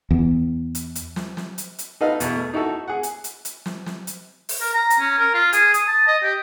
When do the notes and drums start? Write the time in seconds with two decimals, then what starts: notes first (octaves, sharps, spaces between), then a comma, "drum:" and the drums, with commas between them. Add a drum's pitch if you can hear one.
0.11 E2
0.75 drum: hi-hat
0.95 drum: hi-hat
1.16 drum: snare
1.37 drum: snare
1.58 drum: hi-hat
1.79 drum: hi-hat
2.01 D#4 A4 B4 D#5 F5
2.20 E2 B2, drum: hi-hat
2.36 A3
2.54 D#4 E4 F#4 A4
2.88 G#4 F#5
3.03 drum: hi-hat
3.24 drum: hi-hat
3.45 drum: hi-hat
3.66 drum: snare
3.86 drum: snare
4.07 drum: hi-hat
4.49 drum: open hi-hat
4.61 A#4
4.73 A#5
4.90 drum: hi-hat
4.99 C#4
5.18 A#4
5.34 F4
5.53 G#4, drum: hi-hat
5.74 D#6, drum: hi-hat
5.87 A5
6.07 D#5
6.23 G4